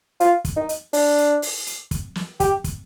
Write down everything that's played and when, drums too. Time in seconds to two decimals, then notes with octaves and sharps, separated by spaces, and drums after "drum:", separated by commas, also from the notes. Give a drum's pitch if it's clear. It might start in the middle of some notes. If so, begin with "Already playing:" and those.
0.20 F4, drum: hi-hat
0.45 drum: kick, hi-hat
0.56 D#4
0.69 drum: hi-hat
0.93 D4, drum: open hi-hat
1.18 drum: hi-hat
1.42 drum: open hi-hat
1.67 drum: hi-hat
1.91 drum: kick, hi-hat
2.15 drum: snare
2.40 G4, drum: kick, hi-hat
2.64 drum: kick, hi-hat